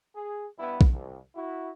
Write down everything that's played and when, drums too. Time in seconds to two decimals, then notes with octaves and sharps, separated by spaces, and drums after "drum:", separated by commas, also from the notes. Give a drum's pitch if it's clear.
0.15 G#4
0.58 G2 B3 E4
0.81 drum: kick
0.92 C2
1.35 E4 F#4